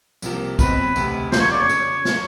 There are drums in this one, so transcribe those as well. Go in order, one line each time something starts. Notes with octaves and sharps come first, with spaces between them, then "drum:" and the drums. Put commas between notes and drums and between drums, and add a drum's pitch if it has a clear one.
C2 C3 F3 A#3, drum: tambourine
B1 B2 G#3 C4 B4, drum: kick B1, tambourine
E1 D2 C3, drum: tambourine
F1 E2 C#3 F3 C5, drum: snare
C#5
D5
C#5
C#3, drum: tambourine
drum: snare